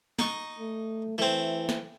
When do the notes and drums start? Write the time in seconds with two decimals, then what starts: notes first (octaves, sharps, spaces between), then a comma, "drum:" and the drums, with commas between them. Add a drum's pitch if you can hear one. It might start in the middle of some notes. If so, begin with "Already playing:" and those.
0.19 D#4 C#6, drum: snare
0.59 A3
1.18 E3 A3 C4
1.69 drum: snare